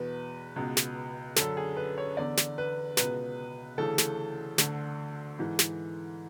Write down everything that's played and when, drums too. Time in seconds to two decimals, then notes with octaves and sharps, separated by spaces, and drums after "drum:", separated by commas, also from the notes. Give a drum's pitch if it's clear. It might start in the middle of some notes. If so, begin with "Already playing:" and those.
Already playing: E2 B2 B4
0.56 C#2 B2
0.77 drum: snare
1.36 F#2 D3 A4, drum: snare
1.57 G#4
1.77 B4
1.98 C#5
2.17 E2 D3 D5
2.37 drum: snare
2.58 B4
2.97 C#2 B2 B4, drum: snare
3.78 D2 C#3 E3 A4
3.98 drum: snare
4.58 D2 D3, drum: snare
5.39 G#2 E3
5.59 drum: snare